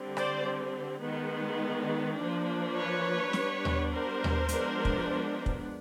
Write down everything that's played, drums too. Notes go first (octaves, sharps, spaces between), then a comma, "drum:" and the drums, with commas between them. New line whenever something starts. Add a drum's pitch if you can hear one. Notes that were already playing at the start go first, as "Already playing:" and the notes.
Already playing: D3 G3 C4
C5 D5, drum: rim click
D#3 G#3 B3
F3 A#3 D4
B4 C#5
G3 B3 D4, drum: snare
drum: tom D#2
A#4 C5
drum: tom D#2
F3 G#3 B3 D4, drum: hi-hat
drum: kick
drum: kick